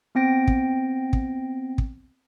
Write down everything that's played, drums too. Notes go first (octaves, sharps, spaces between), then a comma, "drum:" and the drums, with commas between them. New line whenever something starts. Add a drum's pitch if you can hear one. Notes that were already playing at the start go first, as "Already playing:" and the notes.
B3 C4 G5 A#6 D7
drum: kick
drum: kick
drum: kick